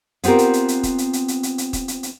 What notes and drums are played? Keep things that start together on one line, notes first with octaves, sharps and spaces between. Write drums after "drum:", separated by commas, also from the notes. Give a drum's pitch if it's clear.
B3 C4 F4 G4 A#4, drum: hi-hat
drum: hi-hat
drum: hi-hat
drum: hi-hat
drum: kick, hi-hat
drum: hi-hat
drum: hi-hat
drum: hi-hat
drum: hi-hat
drum: hi-hat
drum: kick, hi-hat
drum: hi-hat
drum: hi-hat